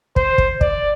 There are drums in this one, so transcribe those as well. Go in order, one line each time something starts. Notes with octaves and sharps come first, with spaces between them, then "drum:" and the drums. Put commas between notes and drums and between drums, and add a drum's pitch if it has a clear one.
C5, drum: kick
drum: kick
D5, drum: kick